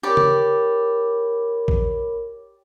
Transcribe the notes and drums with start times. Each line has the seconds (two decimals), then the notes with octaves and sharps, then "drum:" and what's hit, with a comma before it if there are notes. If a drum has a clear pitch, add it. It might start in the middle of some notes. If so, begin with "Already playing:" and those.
0.03 G4 A#4 C#5 D5 B5
0.17 drum: tom
1.68 drum: kick A#1